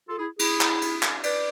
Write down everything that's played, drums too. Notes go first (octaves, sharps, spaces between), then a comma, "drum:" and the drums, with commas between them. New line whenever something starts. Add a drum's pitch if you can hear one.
F4 A4
E4 G#4
E4 G#4, drum: cymbal
drum: clap
drum: cymbal
drum: clap
B4 D5, drum: cymbal